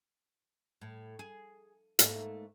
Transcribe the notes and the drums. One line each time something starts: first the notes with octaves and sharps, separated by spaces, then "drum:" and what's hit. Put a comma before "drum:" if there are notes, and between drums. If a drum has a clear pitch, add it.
A2
G#4
G#2 A3 A#3, drum: hi-hat